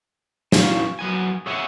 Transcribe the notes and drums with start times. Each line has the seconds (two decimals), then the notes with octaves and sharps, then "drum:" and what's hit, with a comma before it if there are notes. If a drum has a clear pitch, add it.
0.52 E3 G#3 C#4 F5 G#5 A5, drum: snare
0.99 F#3 B3 G#5
1.46 G#4 C#5 E5 F#5 G#5